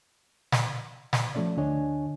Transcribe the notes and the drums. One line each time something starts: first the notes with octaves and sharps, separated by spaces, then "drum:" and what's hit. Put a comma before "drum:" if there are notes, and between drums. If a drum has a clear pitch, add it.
drum: snare
drum: snare
F3 A3 C#4 D5
D2 D3 D4 C#5 D#5 G#5